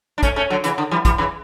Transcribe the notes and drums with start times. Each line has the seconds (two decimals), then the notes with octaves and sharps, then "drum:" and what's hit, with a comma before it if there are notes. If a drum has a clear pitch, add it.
0.18 D4
0.23 A3 C#4, drum: kick, hi-hat
0.36 A3 C#4
0.50 D3 F#3
0.64 C#3 E3, drum: hi-hat
0.78 D3
0.91 E3 G3
1.05 E3 G3, drum: kick, hi-hat
1.18 C#3 E3